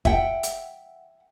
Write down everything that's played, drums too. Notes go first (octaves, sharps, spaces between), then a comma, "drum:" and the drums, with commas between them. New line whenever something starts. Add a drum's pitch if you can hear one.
E5 F#5 G5, drum: kick
drum: hi-hat